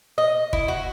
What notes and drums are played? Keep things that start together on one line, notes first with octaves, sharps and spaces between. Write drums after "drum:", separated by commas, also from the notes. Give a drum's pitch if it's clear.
D#5
E4, drum: kick
F#4